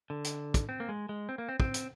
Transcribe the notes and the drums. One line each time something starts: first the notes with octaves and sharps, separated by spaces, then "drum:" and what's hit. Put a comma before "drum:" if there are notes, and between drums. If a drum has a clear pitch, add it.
D3
drum: hi-hat
drum: kick, hi-hat
C4
A#3
G#3
G#3
C4
A#3
C4
C4, drum: kick
drum: hi-hat